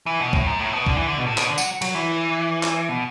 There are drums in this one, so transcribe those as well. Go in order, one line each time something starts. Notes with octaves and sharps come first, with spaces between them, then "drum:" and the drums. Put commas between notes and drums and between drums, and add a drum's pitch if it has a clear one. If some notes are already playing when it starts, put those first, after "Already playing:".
E3
B2
A2, drum: kick B1
F#2
A2
B2
D3, drum: kick B1
E3
D3
B2
A2
B2, drum: clap
D3
F#3, drum: tambourine
F#3, drum: cymbal
E3
drum: clap
B2